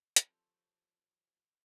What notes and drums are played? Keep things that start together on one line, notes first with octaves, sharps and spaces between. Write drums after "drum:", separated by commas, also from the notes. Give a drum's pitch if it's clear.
F3 G3 C4 A4 C#5, drum: hi-hat